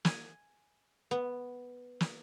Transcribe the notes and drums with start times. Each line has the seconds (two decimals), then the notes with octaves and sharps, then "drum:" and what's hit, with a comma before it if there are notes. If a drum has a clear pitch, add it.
0.05 G#5, drum: snare
1.11 B3
2.00 drum: snare